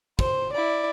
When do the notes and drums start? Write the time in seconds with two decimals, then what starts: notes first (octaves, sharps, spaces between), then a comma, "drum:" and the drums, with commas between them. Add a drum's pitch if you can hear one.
0.19 C5, drum: kick
0.53 E4 D5